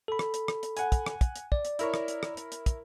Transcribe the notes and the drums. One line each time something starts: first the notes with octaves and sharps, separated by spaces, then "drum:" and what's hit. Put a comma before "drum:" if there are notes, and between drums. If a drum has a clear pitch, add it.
A4 B5
drum: rim click
drum: hi-hat
drum: rim click
drum: hi-hat
F#5 G#5, drum: hi-hat
drum: kick, hi-hat
drum: rim click
drum: kick, hi-hat
drum: hi-hat
D5, drum: kick
drum: hi-hat
E4 A#4 C#5, drum: hi-hat
drum: rim click
drum: hi-hat
drum: rim click
drum: hi-hat
drum: hi-hat
drum: kick, hi-hat